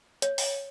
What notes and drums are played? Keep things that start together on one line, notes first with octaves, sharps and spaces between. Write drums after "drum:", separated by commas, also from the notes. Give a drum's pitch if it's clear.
C#5, drum: hi-hat
drum: open hi-hat